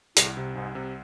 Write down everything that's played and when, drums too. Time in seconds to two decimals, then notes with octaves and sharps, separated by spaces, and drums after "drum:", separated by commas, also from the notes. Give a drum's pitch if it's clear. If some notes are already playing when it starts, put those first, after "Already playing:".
0.17 C2 A2, drum: hi-hat
0.37 C3
0.55 C2 G#2
0.75 C3